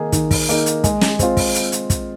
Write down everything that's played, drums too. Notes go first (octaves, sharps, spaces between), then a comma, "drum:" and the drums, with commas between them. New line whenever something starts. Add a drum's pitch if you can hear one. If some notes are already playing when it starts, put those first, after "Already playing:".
Already playing: D#3 A#3 D#4 G#4
D#3, drum: kick, hi-hat
drum: kick, open hi-hat
A#3 D#4 G#4, drum: hi-hat
drum: hi-hat
G#3, drum: kick, hi-hat
drum: snare
C4 F4, drum: kick, hi-hat
drum: kick, open hi-hat
drum: hi-hat
drum: hi-hat
drum: kick, hi-hat